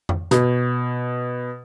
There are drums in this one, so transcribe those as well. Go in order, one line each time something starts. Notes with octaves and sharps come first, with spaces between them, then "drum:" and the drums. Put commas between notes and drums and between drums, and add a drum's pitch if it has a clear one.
drum: tom F2
B2, drum: hi-hat